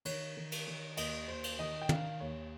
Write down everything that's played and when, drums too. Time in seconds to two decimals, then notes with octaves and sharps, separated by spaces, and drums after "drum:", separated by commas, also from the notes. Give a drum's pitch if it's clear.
0.05 D#3 C#5, drum: cymbal
0.37 D#3
0.52 drum: cymbal
0.67 D#3
0.97 D#2 D#5, drum: cymbal
1.28 D#2 C5
1.44 drum: cymbal
1.59 D#3 D#5
1.82 G5
1.89 D#3 F5, drum: tom
2.20 D#2 C#5